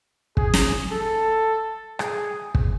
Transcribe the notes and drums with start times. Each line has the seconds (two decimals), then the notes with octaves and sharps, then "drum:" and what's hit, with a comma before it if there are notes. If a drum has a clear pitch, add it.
0.37 G#4, drum: kick
0.54 drum: snare
0.91 A4
1.99 G#4, drum: rim click
2.55 drum: kick